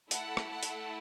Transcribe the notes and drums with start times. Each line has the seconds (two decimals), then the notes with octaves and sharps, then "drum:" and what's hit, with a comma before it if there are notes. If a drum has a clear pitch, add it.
0.11 A3 E4 A4 F#5 A5, drum: hi-hat
0.37 drum: rim click
0.49 F#5 A5
0.63 drum: hi-hat